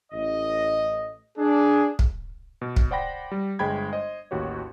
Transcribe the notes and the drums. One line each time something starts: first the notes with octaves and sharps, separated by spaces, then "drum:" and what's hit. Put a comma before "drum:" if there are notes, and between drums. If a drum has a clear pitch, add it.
A1 D#5
D4 G#4
drum: kick
B2
drum: kick
C5 D5 F#5 G5 B5 A#6
G3
G1 G#3 C5 G5 B5 G#6
C5 D#5
A1 D#2 F#4 G4 C#5